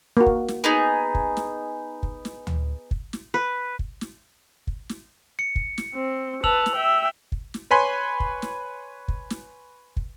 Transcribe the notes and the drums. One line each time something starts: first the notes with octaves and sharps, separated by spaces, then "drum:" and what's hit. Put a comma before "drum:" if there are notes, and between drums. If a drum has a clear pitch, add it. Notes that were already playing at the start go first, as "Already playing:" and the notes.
A#3 F#4
drum: kick
drum: snare
B3 D#4 G#4
drum: kick
drum: snare
drum: kick
drum: snare
drum: tom D2
drum: kick
drum: snare
B4
drum: kick
drum: snare
drum: kick
drum: snare
C#7
drum: kick
drum: snare
C4
B4 A5 E6 F7 F#7, drum: kick
drum: snare
E5 G5
drum: kick
drum: snare
B4 C#5 G#5 B5 C6
drum: kick
drum: snare
drum: kick
drum: snare
drum: kick